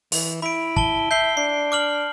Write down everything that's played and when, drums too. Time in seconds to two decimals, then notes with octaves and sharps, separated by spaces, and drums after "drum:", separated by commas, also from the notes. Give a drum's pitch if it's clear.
0.12 E3, drum: open hi-hat
0.42 E4 B5 D7
0.76 A5 G7, drum: kick
1.11 E5 G6 C7 G7
1.37 D4 C7
1.72 D6 F6 F#7